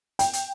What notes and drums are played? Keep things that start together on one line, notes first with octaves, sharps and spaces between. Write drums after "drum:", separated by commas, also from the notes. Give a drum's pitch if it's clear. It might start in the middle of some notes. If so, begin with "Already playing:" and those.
G5, drum: hi-hat
drum: hi-hat